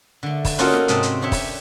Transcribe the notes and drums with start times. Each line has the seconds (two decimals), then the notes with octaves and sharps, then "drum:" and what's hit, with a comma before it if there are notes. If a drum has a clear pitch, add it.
0.23 D3 A3
0.45 drum: kick, open hi-hat
0.59 A#3 C#4 D#4 F4 F#4 A4, drum: hi-hat
0.74 drum: snare
0.88 G#2 C3 C4 D#5 A5, drum: hi-hat
1.03 drum: hi-hat
1.22 D4 G4 C#5 E5
1.32 drum: kick, open hi-hat